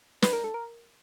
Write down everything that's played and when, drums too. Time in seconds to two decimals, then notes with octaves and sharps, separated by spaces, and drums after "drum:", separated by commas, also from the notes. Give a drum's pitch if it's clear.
0.22 B4, drum: snare
0.33 A#4
0.44 A4
0.54 A#4